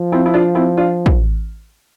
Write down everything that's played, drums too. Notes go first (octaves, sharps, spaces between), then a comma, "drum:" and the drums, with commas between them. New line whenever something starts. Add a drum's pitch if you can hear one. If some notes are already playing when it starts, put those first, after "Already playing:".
Already playing: F3
C4 E4
E4
D4 F4
C4 E4
D4 F4
drum: kick